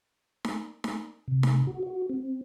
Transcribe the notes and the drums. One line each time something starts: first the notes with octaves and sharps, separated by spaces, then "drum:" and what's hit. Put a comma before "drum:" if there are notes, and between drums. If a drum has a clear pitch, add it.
drum: snare D#4
drum: snare D#4
C3
drum: snare D#4
F#4
F#4
C4